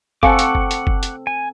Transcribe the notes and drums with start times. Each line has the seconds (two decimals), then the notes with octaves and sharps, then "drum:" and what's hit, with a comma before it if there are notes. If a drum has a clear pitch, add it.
0.23 C4 A4 F5 F#5 G#5 C#6 D6, drum: kick F#1
0.39 drum: hi-hat
0.55 drum: kick F#1
0.71 drum: hi-hat
0.87 drum: kick F#1
1.03 drum: hi-hat
1.27 G#5